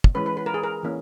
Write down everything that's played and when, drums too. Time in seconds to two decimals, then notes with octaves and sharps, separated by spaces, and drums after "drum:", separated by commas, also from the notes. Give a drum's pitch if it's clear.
0.04 drum: kick
0.15 E3 G#3 C#4 B4
0.26 B4
0.37 B4
0.46 A#4
0.54 G#4
0.64 A#4
0.83 E3 A#3 C#4